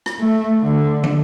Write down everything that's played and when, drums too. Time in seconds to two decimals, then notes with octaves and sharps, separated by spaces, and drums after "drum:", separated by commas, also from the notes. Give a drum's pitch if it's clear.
0.06 drum: rim click
0.21 A3
0.62 D3
1.04 drum: tom